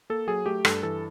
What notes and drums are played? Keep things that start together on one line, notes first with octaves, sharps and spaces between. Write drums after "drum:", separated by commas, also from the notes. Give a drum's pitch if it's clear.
A#3 A4
F#3 G#4
A3 G4
G2 A4, drum: rim click
E3 A4